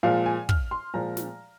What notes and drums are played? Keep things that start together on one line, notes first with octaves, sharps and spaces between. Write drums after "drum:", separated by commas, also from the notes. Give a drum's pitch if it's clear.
A#2 F3 G#3 F5
G#5
F6, drum: kick
C6
A#2 F3 G#3 A#5
drum: snare